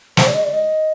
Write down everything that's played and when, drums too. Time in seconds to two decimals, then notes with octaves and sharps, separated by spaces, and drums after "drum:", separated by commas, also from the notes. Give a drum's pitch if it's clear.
0.17 C5, drum: snare
0.27 D5
0.34 D#5
0.44 D5
0.53 D#5